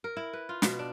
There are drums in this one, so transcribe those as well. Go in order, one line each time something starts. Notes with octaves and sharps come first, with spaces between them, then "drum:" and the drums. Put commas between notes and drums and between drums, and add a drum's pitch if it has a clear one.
A#4
E4
B4
F4
B2, drum: snare
D4